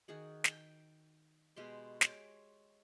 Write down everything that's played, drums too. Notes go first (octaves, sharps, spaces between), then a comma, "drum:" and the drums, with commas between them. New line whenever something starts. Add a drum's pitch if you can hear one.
D#3 F#4 G#4 F#5
G5, drum: snare
B2 G#3 G4 C6
C#5 C6 D6, drum: snare